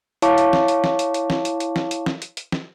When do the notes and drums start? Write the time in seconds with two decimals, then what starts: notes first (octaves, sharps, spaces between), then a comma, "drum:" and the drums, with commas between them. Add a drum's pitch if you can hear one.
0.22 E4 C#5 F5 A5 C#6 D6, drum: hi-hat
0.38 drum: hi-hat
0.53 drum: snare
0.68 drum: hi-hat
0.84 drum: snare
0.99 drum: hi-hat
1.14 drum: hi-hat
1.30 drum: snare
1.45 drum: hi-hat
1.60 drum: hi-hat
1.76 drum: snare
1.91 drum: hi-hat
2.06 drum: snare
2.22 drum: hi-hat
2.37 drum: hi-hat
2.52 drum: snare